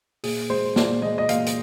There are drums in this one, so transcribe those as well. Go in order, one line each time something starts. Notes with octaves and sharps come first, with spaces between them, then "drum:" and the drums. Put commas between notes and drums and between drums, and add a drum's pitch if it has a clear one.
A#2 G#4, drum: open hi-hat
G#3 C5
A#2 D5, drum: snare
G#3 D#5
D#5
A#2 F5, drum: hi-hat
drum: hi-hat